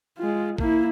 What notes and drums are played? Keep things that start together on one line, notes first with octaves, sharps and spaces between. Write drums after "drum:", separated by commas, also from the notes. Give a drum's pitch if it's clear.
G#3 F4
A#3 E4, drum: kick A1